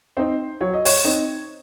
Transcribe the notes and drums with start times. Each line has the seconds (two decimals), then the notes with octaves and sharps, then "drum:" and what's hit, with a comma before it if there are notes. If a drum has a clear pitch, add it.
0.17 C4 D#4 C5
0.61 F#3 C#5
0.74 D#5
0.85 C#5, drum: open hi-hat
1.04 C4 D#4